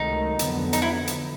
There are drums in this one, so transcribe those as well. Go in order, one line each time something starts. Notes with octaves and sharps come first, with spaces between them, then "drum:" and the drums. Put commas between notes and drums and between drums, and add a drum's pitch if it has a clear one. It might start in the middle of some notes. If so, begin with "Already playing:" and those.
Already playing: C#2 C3 D#3 F#3 A3 D#4
F2 D3 F#3 B3, drum: hi-hat
D#4, drum: hi-hat
E4
drum: hi-hat